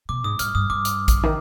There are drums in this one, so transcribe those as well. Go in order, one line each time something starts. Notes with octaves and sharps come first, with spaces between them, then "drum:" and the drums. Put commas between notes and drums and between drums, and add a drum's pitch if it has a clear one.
B2 D6
G#2 D#6
G2 F6, drum: hi-hat
G2 D#6
G2 D6
drum: hi-hat
drum: kick A1, hi-hat
D#3